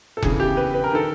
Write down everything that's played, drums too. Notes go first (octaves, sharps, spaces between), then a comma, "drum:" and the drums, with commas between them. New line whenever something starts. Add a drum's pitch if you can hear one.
A4
E2 C#3 E3 G#4, drum: kick F1
G4
B4
B4
A#4
D#3 A4